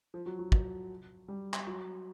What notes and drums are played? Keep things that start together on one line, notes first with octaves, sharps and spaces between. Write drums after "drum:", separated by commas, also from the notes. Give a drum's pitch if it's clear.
F3
F#3
F#3
F#3, drum: kick
G3
drum: clap
F#3